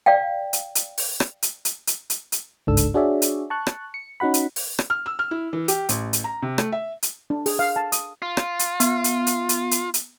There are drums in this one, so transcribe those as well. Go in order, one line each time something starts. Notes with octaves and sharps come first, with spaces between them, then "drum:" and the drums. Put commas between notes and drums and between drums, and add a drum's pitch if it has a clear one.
D5 F5 G5
drum: hi-hat
drum: hi-hat
drum: open hi-hat
drum: rim click
drum: hi-hat
drum: hi-hat
drum: hi-hat
drum: hi-hat
drum: hi-hat
G1 C#2 G#2 D4 A4 E6
drum: hi-hat
D4 F#4 G#4 C#5 D5 E5
drum: hi-hat
A5 C#6 F#6
drum: rim click
C#7
C#4 D#4 F#4 F#5 B5
drum: hi-hat
drum: open hi-hat
drum: rim click
F6
E6
F6
E4
E3
G4, drum: hi-hat
A1, drum: hi-hat
drum: hi-hat
A#5
C3
A3, drum: rim click
E5
drum: hi-hat
D4
G#4, drum: open hi-hat
F5
A5
D#6, drum: hi-hat
F4
drum: rim click
drum: hi-hat
B3, drum: hi-hat
drum: hi-hat
drum: hi-hat
drum: hi-hat
drum: hi-hat
drum: hi-hat